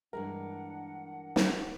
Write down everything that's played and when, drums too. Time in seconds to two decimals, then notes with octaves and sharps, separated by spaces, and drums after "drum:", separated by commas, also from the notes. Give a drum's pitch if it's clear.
0.13 G2 E3 G#3 D4 A#4 F#5
1.36 drum: snare